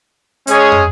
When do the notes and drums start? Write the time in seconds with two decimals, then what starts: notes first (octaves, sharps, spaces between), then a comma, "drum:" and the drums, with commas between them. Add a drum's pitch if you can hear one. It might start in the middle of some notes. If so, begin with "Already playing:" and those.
0.47 G#3 C#4 G#4 C#5, drum: hi-hat
0.72 drum: tom